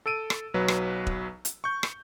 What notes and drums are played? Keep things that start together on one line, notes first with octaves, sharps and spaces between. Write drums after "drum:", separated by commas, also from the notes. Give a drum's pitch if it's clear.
A4 E6 D7 D#7
drum: rim click
B1 F#3 B4
drum: rim click
drum: kick E1
drum: hi-hat
C#6 G6
drum: rim click